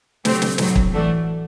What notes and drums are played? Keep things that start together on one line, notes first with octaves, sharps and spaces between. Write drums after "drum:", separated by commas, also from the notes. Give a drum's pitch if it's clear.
F#3 A3 C4 G4, drum: snare
drum: snare
A2 F#3 C4, drum: snare
drum: kick
E3 A3 D4 F#4